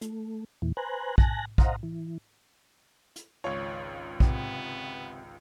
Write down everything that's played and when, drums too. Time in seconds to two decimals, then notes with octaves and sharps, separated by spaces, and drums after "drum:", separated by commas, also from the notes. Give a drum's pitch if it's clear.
0.01 A3, drum: hi-hat
0.62 E2 A#2 E3
0.77 B4 C5 G#5 A#5 F#6
1.18 G#5 A5 F#6 A#6, drum: kick A#1
1.58 C5 D#5 F5 F#5 A#5, drum: kick A#1
1.83 E3
3.16 drum: hi-hat
3.44 G#1 C#2 F4 C#5
4.20 C3 B3, drum: kick A#1